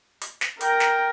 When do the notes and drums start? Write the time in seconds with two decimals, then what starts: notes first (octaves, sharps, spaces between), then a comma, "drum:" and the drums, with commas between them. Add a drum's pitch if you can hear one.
0.22 drum: hi-hat
0.41 drum: snare
0.61 A#4 G5 A#5, drum: hi-hat
0.80 drum: snare